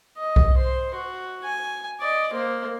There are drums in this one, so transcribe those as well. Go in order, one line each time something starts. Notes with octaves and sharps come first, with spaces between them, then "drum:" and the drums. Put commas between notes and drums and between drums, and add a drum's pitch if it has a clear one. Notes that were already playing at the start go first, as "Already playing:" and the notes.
D#5
drum: kick B1
C5 C6
F#4
G#5
D5 D#5
A#3 C5